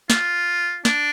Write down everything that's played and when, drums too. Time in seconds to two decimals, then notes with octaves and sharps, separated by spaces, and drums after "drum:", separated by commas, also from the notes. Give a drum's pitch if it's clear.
0.10 F4, drum: snare
0.85 D4, drum: snare